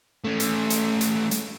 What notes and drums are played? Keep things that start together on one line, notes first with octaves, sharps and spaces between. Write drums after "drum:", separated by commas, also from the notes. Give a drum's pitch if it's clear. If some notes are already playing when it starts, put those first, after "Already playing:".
A3 C#4
drum: hi-hat
drum: hi-hat
drum: hi-hat
drum: hi-hat